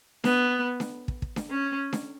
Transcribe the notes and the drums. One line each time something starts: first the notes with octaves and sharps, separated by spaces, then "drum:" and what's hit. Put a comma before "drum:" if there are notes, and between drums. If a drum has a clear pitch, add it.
B3, drum: snare D4
drum: snare D4
drum: kick
drum: kick
drum: snare D4
C#4
drum: snare D4